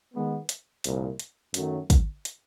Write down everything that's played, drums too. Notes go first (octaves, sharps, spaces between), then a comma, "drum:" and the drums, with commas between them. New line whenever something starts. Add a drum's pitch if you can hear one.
D#3 G#3 B3
drum: hi-hat
C2 A#2 F3, drum: hi-hat
drum: hi-hat
F#2 D#3 F#3 A3, drum: hi-hat
drum: kick, hi-hat
drum: hi-hat